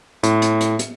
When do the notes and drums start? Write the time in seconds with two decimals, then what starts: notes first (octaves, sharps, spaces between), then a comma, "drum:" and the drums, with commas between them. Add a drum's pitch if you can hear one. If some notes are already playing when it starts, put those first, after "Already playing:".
0.23 A2, drum: hi-hat
0.42 drum: hi-hat
0.60 drum: hi-hat
0.79 drum: hi-hat